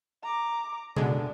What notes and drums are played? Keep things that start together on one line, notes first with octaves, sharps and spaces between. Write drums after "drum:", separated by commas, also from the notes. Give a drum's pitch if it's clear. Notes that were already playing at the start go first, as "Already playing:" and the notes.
A#5 D6
B2 D3 G#3 D4, drum: tom C#3